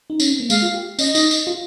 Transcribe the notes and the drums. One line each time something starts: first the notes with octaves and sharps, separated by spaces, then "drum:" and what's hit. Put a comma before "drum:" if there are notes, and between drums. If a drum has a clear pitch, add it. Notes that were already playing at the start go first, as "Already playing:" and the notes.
D#4
C#4, drum: tambourine
C4
A#3
G#3 F5, drum: tambourine
F4
G4
C#4 D#5, drum: tambourine
D#4, drum: tambourine
drum: tambourine
F4